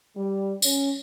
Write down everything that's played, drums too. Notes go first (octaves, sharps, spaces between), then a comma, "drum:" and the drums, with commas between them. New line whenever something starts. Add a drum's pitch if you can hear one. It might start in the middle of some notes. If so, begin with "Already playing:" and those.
G3
C#4, drum: tambourine